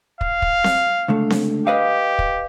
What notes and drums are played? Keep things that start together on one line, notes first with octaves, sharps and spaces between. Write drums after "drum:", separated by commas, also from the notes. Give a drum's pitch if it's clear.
F5, drum: kick
drum: kick
drum: snare C4
C#2 D3 A3
drum: snare C4
G4 B4 D#5 F5
drum: kick